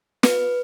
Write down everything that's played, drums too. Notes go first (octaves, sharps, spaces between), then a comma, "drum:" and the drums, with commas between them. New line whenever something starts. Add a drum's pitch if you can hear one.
B4, drum: snare